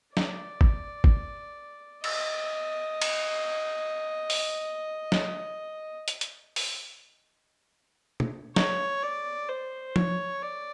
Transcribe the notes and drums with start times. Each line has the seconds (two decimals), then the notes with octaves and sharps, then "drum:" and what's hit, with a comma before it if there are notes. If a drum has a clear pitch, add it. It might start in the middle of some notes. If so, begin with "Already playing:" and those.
0.17 D5, drum: snare
0.61 drum: kick
1.04 drum: kick
2.04 D#5, drum: cymbal
3.02 drum: cymbal
4.30 drum: open hi-hat
5.12 drum: snare
6.08 drum: hi-hat
6.21 drum: hi-hat
6.56 drum: open hi-hat
8.20 drum: tom
8.56 C#5, drum: snare
9.03 D5
9.49 C5
9.96 C#5, drum: tom F3
10.43 D5